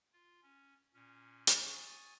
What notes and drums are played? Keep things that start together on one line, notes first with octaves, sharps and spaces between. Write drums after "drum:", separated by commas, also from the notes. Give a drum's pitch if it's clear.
F4
C#4
A#2 C#4
drum: hi-hat
G#5 C#6 D#6 A6